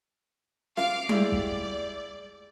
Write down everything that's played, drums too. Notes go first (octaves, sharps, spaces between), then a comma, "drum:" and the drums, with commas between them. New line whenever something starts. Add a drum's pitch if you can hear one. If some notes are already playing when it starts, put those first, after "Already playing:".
F4 F5 D6, drum: snare
G#3 E4 G4 D5, drum: tom G3
drum: kick